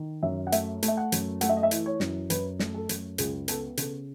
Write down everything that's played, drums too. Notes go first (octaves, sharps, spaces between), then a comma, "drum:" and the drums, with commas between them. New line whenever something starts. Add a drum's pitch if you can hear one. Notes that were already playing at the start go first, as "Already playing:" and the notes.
Already playing: D#3
F#2 E5
F#5
A3 E5, drum: hi-hat
A3, drum: hi-hat
E5
F#5
F#2, drum: hi-hat
A3 F#5, drum: hi-hat
E5
D#5
E5
E3, drum: hi-hat
C#5
F#2, drum: snare
F#2 B4, drum: hi-hat
A3, drum: snare
A4
F#2, drum: hi-hat
C#2 G#4, drum: hi-hat
B3 A4, drum: hi-hat
C#3 A4, drum: hi-hat